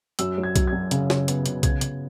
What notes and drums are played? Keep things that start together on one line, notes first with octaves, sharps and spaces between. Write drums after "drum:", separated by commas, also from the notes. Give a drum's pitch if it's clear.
F#2 E6, drum: hi-hat
F#3
G#6
F#3, drum: kick B1, hi-hat
G#6
F#2
C#3, drum: hi-hat
C#3, drum: snare
B3, drum: hi-hat
C#3, drum: hi-hat
C#3 G#6, drum: kick B1, hi-hat
C#3, drum: hi-hat